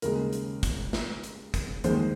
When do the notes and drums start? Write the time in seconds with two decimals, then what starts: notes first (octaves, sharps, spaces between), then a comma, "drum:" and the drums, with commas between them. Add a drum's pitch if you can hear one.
0.02 D#2 C#3 G#3 A#4, drum: hi-hat
0.33 drum: hi-hat
0.63 drum: kick, hi-hat
0.93 drum: snare
1.24 drum: hi-hat
1.54 drum: kick, hi-hat
1.84 D#2 D#3 G#3 C5, drum: hi-hat